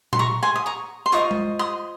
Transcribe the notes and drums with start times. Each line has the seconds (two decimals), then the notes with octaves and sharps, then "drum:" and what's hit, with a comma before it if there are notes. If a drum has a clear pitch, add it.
0.13 C6, drum: tom A#2
0.19 A#5 C#6
0.43 G#5 C6
0.56 D#6
0.66 A#5 C#6
1.06 C6
1.12 F4 C5 D#5 A#5 C#6, drum: hi-hat
1.31 drum: tom G#3
1.59 C6 D#6